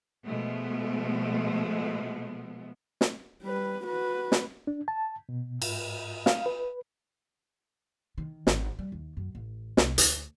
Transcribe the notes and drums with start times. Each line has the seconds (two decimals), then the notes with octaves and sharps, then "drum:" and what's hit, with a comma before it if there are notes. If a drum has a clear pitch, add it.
0.24 B2 F3 G#3 A3 B3
3.01 drum: snare
3.43 G3 B4
3.84 F#4 B4
4.32 drum: snare
4.67 D4
4.88 A5
5.29 B2
5.62 G#2, drum: cymbal
6.26 F5, drum: snare
6.46 B4
8.18 D#3
8.47 G#1, drum: snare
8.79 G3
8.92 D#2
9.17 F#2
9.35 A1
9.77 C2, drum: snare
9.98 D2, drum: hi-hat